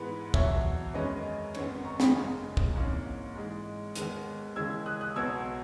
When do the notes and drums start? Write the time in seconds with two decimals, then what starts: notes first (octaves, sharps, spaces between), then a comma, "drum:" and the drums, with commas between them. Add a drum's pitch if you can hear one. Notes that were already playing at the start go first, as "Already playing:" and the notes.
Already playing: G#2 E3 G#3 B3 B4
0.34 E2 B2 F#3 C#5 E5, drum: kick
0.94 F#2 D#3 G#3 C#4 B4 D#5
1.55 G#1 F#2 D#3 G#3 B3 C#5, drum: cymbal
1.84 A#5 C#6
2.00 B5 D#6, drum: snare
2.15 G#1 F#2 C#3 G#3
2.57 drum: kick
2.76 G#1 G#2 E3 A#3 C#4
3.35 G#2 E3 G#3
3.96 D#2 D#3 G#3 B3, drum: hi-hat
4.56 D#2 C#3 E3 G#3 E6 G#6
4.86 D#6 F#6
5.01 D#6 F#6
5.16 B1 B2 F#3 B3 E6 G#6